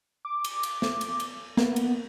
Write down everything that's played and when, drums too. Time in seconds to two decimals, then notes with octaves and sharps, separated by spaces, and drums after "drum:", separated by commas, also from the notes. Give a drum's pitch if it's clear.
0.25 D6
0.45 drum: cymbal
0.63 drum: cymbal
0.82 drum: snare
1.01 drum: cymbal
1.20 drum: cymbal
1.57 A#3 B3, drum: snare
1.76 drum: cymbal